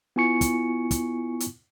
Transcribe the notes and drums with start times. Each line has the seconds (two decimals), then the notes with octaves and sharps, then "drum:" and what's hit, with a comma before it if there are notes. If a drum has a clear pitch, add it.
0.16 B3 E4 F4 G#5 C#6 C#7
0.41 drum: kick, hi-hat
0.91 drum: kick, hi-hat
1.40 drum: hi-hat